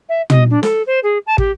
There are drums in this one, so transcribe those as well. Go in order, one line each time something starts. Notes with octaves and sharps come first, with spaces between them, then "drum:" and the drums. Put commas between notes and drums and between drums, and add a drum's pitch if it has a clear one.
E5
D#5, drum: tom
D4
A4, drum: snare
C5
G#4
A5
G4, drum: kick